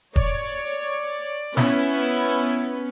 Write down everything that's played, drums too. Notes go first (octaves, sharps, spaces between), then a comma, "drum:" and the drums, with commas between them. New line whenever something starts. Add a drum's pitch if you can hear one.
C#5 D5, drum: kick E1
B3 C#4 E4 B4, drum: snare